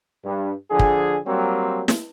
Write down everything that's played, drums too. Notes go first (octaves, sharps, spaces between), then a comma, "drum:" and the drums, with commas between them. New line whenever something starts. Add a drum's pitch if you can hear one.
G2
D3 F3 G#4
drum: kick
F#3 G3 A#3 C4
drum: snare